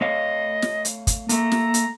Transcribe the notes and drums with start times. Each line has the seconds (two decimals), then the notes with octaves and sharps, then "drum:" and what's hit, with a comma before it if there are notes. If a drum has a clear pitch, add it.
0.01 A3 C#5 D#5 F5
0.62 drum: snare
0.85 drum: hi-hat
1.07 drum: kick, hi-hat
1.29 A3 A#3 A#5, drum: hi-hat
1.52 drum: snare
1.74 drum: hi-hat